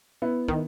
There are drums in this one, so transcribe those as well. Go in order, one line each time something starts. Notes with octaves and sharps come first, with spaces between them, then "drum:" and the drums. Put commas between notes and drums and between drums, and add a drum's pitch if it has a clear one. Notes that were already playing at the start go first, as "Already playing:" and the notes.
B3 E4
D#3, drum: kick